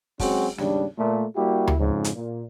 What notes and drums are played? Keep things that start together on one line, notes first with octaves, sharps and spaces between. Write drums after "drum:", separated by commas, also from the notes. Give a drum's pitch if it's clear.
F#3 G#3 C4 C#4 F#4 G#4, drum: kick, open hi-hat
D#2 G#2 C#3 G3 D4, drum: snare
A#2 A3
G3 A#3 E4 F#4 G4
drum: tom D2
F2 G#2 C#3
drum: hi-hat
A#2